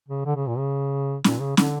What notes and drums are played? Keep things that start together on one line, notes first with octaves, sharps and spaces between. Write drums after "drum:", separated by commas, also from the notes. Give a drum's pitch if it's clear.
C#3
D3
C#3
A#2
C#3
A#2, drum: snare
C#3
D3, drum: snare